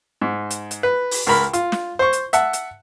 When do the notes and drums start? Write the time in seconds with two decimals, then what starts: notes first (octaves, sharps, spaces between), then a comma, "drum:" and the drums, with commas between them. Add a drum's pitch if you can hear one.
0.21 G#2
0.50 drum: hi-hat
0.71 drum: hi-hat
0.83 B4
1.11 drum: open hi-hat
1.27 C#2 A#4 B5
1.53 F4, drum: hi-hat
1.72 drum: snare
1.99 C5 C#6
2.13 drum: hi-hat
2.33 E5 F#5 A5, drum: hi-hat
2.53 drum: hi-hat